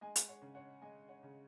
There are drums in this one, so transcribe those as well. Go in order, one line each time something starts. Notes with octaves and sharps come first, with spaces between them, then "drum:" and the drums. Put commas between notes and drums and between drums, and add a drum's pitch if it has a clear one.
G#3 D#5 G#5
drum: hi-hat
C#5 F#5
C#3
C#5 F#5
G#3 D#5 G#5
C#5 F#5
C#3